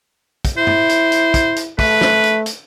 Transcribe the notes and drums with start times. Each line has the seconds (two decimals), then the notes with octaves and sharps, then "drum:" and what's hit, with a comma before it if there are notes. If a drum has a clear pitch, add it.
0.45 drum: kick, hi-hat
0.58 E4 C5
0.67 drum: tom
0.89 drum: hi-hat
1.12 drum: hi-hat
1.34 drum: kick, hi-hat
1.56 drum: hi-hat
1.79 A3 B4, drum: kick, open hi-hat
2.01 drum: snare
2.23 drum: hi-hat
2.46 drum: hi-hat